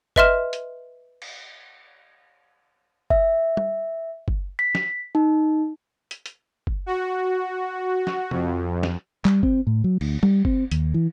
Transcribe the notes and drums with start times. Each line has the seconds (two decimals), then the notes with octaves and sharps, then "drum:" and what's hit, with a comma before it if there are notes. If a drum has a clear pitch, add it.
0.16 B4 D#5 E5 C6 F6 E7, drum: kick F#1
0.53 drum: hi-hat
1.22 drum: cymbal
3.10 E5, drum: kick F#1
3.57 drum: tom
4.28 drum: kick F#1
4.59 B6
4.75 drum: snare
5.15 D#4
6.11 drum: hi-hat
6.26 drum: hi-hat
6.67 drum: kick F#1
6.86 F#4
8.07 drum: snare
8.31 F2, drum: tom C3
8.83 drum: snare
9.25 G3, drum: clap
9.43 C4, drum: kick F#1
9.67 A2
9.84 F#3
10.01 D2, drum: cymbal
10.23 G3, drum: tom
10.45 C4, drum: kick F#1
10.71 D#2, drum: hi-hat
10.94 E3